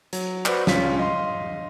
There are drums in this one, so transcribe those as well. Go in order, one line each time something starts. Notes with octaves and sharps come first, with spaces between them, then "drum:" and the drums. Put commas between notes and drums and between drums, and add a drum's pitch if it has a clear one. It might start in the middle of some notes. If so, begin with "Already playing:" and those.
F#3, drum: hi-hat
F#4 B4 C5 D5, drum: clap
C#2 C#4 F4 B6, drum: snare
D#5 F5 C6